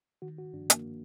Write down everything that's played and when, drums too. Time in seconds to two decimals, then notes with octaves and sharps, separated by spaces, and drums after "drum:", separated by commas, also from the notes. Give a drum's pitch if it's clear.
0.22 D#3 F#4
0.38 F#4
0.53 G2 D4
0.70 A#3, drum: hi-hat